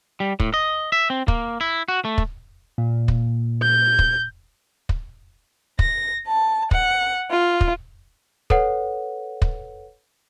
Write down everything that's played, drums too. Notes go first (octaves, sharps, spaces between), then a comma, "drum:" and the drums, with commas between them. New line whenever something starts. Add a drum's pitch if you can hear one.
G3
A2, drum: kick
D#5
E5
C4
A#3, drum: kick
E4
F#4
A3
drum: kick
A#2
drum: kick
G6
drum: kick
drum: kick
A#6, drum: kick
A5
F#5, drum: kick
F4
drum: kick
A4 B4 C#5 F#5, drum: kick
drum: kick